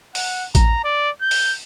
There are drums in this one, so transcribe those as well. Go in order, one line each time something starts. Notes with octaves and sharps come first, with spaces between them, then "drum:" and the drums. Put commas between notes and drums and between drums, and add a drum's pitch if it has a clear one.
F#5, drum: open hi-hat
A#5, drum: kick A1, hi-hat
D5
G6
drum: open hi-hat